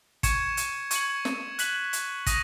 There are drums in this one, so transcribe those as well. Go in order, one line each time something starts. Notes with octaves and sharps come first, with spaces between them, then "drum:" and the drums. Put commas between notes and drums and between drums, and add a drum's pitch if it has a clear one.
C#6 G#6 C#7 E7, drum: kick, hi-hat
drum: hi-hat
C#6 G#6 C#7 F#7, drum: hi-hat
drum: snare
F#6 B6 F#7, drum: hi-hat
drum: hi-hat
D#6 A#6 D#7, drum: kick, hi-hat